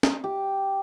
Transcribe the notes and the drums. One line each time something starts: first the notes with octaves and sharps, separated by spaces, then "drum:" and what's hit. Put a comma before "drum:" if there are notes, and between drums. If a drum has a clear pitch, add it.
drum: snare
G4